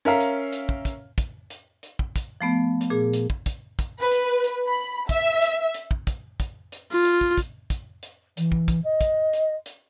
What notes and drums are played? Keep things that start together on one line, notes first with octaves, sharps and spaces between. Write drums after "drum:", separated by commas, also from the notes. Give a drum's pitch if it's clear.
C#4 A#4 E5 F5 A#5
drum: hi-hat
drum: hi-hat
drum: kick
drum: kick, hi-hat
drum: kick, hi-hat
drum: hi-hat
drum: hi-hat
drum: kick
drum: kick, hi-hat
F3 A3 B3
drum: hi-hat
A#2 G#4
drum: hi-hat
drum: kick
drum: kick, hi-hat
drum: kick, hi-hat
B4
drum: hi-hat
drum: hi-hat
B5
E5, drum: kick, hi-hat
drum: hi-hat
drum: hi-hat
drum: kick
drum: kick, hi-hat
drum: kick, hi-hat
drum: hi-hat
F4
drum: hi-hat
drum: kick
drum: kick, hi-hat
drum: kick, hi-hat
drum: hi-hat
E3, drum: hi-hat
drum: kick
drum: kick, hi-hat
D#5
drum: kick, hi-hat
drum: hi-hat
drum: hi-hat